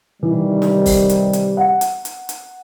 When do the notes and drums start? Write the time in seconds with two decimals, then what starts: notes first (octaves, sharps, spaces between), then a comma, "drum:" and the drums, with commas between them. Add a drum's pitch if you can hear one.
0.23 C3 D#3 E3 G3
0.62 drum: snare
0.86 drum: kick C#1, open hi-hat
1.09 drum: hi-hat
1.33 drum: hi-hat
1.57 F#5
1.81 drum: hi-hat
2.05 drum: hi-hat
2.29 drum: hi-hat